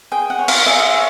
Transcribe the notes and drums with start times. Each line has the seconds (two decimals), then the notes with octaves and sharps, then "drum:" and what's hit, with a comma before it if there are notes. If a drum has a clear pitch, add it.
0.12 G#4 G5
0.30 F#5
0.39 C#5
0.48 F5, drum: cymbal
0.66 G#4 E5
0.94 C#5